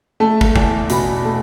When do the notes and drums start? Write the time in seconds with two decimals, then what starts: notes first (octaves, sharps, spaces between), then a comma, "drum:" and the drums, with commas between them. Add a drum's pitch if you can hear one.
0.20 A3 A5
0.41 drum: kick
0.56 E2, drum: kick
0.90 B2 B5, drum: hi-hat
1.24 A3 A5